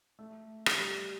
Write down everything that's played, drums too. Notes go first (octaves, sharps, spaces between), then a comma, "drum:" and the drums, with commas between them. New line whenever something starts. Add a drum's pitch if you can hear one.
A3
G3, drum: rim click
G3